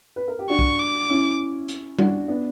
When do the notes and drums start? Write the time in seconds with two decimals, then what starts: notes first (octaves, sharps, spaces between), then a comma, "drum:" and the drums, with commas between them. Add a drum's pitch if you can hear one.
0.16 B4
0.28 A#4
0.39 G4
0.50 D4 F#4 C#6
0.59 drum: kick
0.80 D6
1.10 C#4 E4
1.68 drum: hi-hat
1.99 D4 F#4, drum: tom G3
2.28 B3 D4